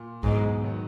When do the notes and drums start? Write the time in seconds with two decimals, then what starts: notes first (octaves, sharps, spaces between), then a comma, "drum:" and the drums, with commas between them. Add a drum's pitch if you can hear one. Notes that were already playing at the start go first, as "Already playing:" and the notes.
Already playing: A#2
0.23 E2 G#2 B2 F#3 B3, drum: kick
0.62 D#3 F#3 B3